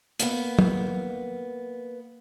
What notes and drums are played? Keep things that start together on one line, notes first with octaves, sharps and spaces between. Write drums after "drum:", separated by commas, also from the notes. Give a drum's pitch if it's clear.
A#3 B3, drum: hi-hat
drum: tom